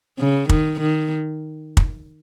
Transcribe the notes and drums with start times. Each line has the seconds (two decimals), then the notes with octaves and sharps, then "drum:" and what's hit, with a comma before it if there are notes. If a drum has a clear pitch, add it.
0.19 C#3
0.49 D#3, drum: kick
0.80 D#3
1.77 drum: kick